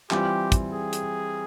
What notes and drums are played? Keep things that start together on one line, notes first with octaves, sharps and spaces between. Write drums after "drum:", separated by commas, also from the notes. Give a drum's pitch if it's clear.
E3 G3 C4 F4 G4, drum: clap
drum: kick, hi-hat
G#4
drum: hi-hat